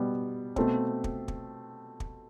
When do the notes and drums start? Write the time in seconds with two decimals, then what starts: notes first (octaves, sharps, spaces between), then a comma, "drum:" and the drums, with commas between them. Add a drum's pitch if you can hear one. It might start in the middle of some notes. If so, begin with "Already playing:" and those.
Already playing: B2 G3 B3
0.56 B2 A3 C4, drum: kick
1.04 drum: kick
1.28 drum: kick
2.00 drum: kick